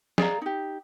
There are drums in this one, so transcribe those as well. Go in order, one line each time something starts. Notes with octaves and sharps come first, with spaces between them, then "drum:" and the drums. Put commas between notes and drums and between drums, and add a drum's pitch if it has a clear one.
G#4 D5 F5 A#5, drum: snare
D#4 G4